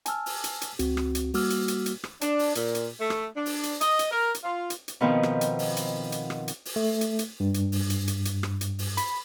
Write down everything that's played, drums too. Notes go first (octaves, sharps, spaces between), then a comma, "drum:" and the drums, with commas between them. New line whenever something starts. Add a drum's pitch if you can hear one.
G#5 A5 E6 F6, drum: hi-hat
drum: open hi-hat
drum: hi-hat
drum: hi-hat
C#2 C4 F#4, drum: hi-hat
drum: rim click
drum: hi-hat
G3 A#3 F#4 D6 E6 F6, drum: open hi-hat
drum: hi-hat
drum: hi-hat
drum: hi-hat
drum: rim click
D4, drum: hi-hat
drum: open hi-hat
A#2, drum: hi-hat
drum: hi-hat
A3
drum: rim click
D4
drum: open hi-hat
drum: hi-hat
D#5, drum: hi-hat
drum: hi-hat
A#4
drum: hi-hat
F4
drum: hi-hat
drum: hi-hat
B2 D#3 F3 B3 C4
drum: rim click
drum: hi-hat
drum: open hi-hat
drum: hi-hat
drum: hi-hat
drum: rim click
drum: hi-hat
drum: open hi-hat
A3
drum: hi-hat
drum: hi-hat
G2
drum: hi-hat
drum: open hi-hat
drum: hi-hat
drum: hi-hat
drum: hi-hat
drum: rim click
drum: hi-hat
drum: open hi-hat
B5, drum: hi-hat